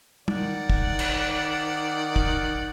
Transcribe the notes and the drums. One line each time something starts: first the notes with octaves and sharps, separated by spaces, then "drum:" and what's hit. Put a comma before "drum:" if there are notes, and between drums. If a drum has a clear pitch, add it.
D#3 D5 F#5, drum: tom
drum: kick
drum: cymbal
drum: kick